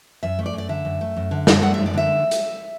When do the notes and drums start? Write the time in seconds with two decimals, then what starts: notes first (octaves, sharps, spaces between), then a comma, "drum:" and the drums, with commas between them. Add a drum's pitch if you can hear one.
0.23 F#2 E5
0.39 A3
0.46 D5
0.53 F#2
0.58 D5
0.69 D3 E5
0.85 F#2
1.01 A3
1.16 F#2
1.31 D3
1.47 F#2, drum: snare
1.62 A3 F#5
1.74 F#2 E5
1.86 D5
1.94 D3 E5
2.31 drum: hi-hat